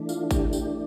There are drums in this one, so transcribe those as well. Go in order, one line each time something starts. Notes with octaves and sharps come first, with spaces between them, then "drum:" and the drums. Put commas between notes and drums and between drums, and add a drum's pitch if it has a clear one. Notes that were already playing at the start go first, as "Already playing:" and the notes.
Already playing: E3 A3 D4
F4, drum: tambourine
G4, drum: kick G#1, tambourine
G4, drum: tambourine